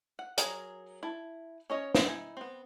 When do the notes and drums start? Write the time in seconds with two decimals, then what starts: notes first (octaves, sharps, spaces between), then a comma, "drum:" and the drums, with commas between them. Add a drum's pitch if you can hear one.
0.19 F#5
0.38 F#3 A#3 G#4 A#4, drum: hi-hat
1.03 E4 A5
1.70 C#4 C#5 D#5
1.95 drum: snare
2.04 D#4 E4 G#5
2.37 B3 C4